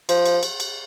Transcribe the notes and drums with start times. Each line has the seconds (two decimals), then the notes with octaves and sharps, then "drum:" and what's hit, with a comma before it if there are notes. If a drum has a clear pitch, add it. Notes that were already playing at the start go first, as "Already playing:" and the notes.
0.09 F3, drum: cymbal
0.26 drum: cymbal
0.43 drum: cymbal
0.60 drum: cymbal